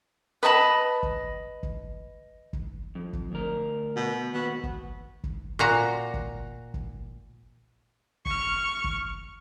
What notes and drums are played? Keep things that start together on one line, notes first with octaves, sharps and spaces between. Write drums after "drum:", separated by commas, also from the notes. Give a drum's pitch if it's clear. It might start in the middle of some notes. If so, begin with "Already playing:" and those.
B4 D#5 A5 B5
drum: kick
drum: kick
drum: kick
F2
drum: kick
D2 A#4
B2
D#2 B3 F#4
drum: kick
drum: kick
A#2 F#4 A#5
drum: kick
drum: kick
C#6 F6, drum: kick
drum: kick